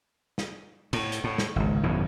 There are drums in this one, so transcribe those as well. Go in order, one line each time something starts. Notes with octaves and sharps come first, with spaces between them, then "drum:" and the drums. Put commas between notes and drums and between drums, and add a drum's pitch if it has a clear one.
drum: snare
A2, drum: cymbal
drum: hi-hat
A2
drum: snare
G#1 C#2
G#1 F#2 B2 E3